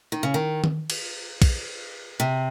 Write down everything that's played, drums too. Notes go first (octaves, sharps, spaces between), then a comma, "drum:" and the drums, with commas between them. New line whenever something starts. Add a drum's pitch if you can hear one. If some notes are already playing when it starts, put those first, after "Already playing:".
D#3
C#3
D#3
drum: tom D#3
drum: cymbal
drum: kick, cymbal
C3